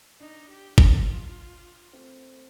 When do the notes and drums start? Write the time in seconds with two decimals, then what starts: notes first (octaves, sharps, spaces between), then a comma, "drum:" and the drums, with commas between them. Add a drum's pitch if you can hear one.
0.20 D4 D#4
0.49 G4
0.78 F4, drum: kick
1.93 A3 C4